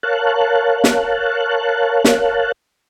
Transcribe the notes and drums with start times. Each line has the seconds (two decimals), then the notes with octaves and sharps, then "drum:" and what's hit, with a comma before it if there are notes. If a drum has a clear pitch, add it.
0.03 A#4 C#5 F5 A5 F#6
0.84 drum: snare
2.04 drum: snare